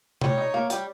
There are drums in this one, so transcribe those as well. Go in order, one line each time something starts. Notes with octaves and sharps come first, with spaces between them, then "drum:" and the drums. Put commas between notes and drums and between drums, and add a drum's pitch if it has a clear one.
G3 C#5, drum: tom C3
D#4
A#3
G3, drum: hi-hat